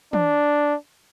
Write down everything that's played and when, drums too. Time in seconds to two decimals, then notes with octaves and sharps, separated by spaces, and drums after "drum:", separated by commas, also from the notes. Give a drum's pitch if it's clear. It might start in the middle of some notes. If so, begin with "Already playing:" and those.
0.13 D4, drum: tom